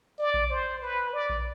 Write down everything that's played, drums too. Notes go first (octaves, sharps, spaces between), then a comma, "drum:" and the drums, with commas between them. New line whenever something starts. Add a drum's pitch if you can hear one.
D5
drum: kick A#1
C5
B4
D5
drum: kick A#1